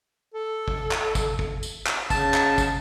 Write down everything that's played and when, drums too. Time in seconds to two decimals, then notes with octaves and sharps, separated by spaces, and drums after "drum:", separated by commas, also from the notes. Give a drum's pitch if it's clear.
0.34 A4
0.68 drum: kick
0.91 drum: clap
1.15 drum: kick, tambourine
1.39 drum: kick
1.63 drum: tambourine
1.87 drum: clap
2.10 C#3 A5, drum: kick, tambourine
2.34 drum: clap
2.58 drum: kick, tambourine